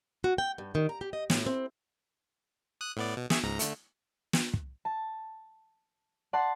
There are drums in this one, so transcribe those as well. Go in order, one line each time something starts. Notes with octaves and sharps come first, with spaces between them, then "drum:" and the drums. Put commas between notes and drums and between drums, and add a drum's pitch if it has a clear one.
F#4
G5
G2
D#3
A#5
G4
D#5
A2, drum: snare
C4
D#6 F#6
A2 B3 D5
B2
G#4 E5 C#6, drum: snare
C#2 G#2 A#5
D3 A3, drum: hi-hat
drum: snare
drum: kick
A5
D5 F#5 A5 C6